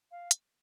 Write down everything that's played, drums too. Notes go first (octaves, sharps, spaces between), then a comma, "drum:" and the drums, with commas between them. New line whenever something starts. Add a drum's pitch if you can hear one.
F5
drum: hi-hat